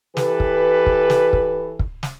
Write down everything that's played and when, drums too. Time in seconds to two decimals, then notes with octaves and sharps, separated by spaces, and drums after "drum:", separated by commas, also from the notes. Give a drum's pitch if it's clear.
0.17 E3 G4 A4 B4, drum: snare
0.40 drum: kick
0.86 drum: kick
1.10 drum: snare
1.33 drum: kick
1.79 drum: kick
2.03 drum: snare